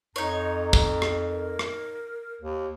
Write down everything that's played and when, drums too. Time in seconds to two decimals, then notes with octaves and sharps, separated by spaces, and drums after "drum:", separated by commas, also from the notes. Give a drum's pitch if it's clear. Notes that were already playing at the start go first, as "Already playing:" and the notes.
0.16 F2 D#4 C#5 A#5
0.73 drum: kick
1.02 drum: rim click
1.28 A#4
1.59 drum: rim click
2.41 D#2